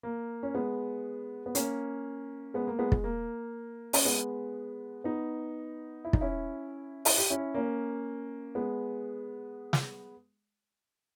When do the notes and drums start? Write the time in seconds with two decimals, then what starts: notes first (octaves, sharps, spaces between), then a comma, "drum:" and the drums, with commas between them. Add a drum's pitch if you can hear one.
0.03 A#3
0.43 C#4
0.55 G#3 B3
1.46 B3
1.55 A#3 C#4, drum: hi-hat
2.54 G#3 B3
2.67 A#3
2.79 G#3 B3
2.92 G#3, drum: kick
3.04 A#3
3.93 C#4, drum: open hi-hat
4.05 G#3 B3
5.04 B3 D#4
6.05 E4
6.13 D#4, drum: kick
6.21 C#4 E4
7.05 E4, drum: open hi-hat
7.17 G4
7.30 C#4 E4
7.54 A#3 C#4
8.55 G#3 B3
9.73 drum: snare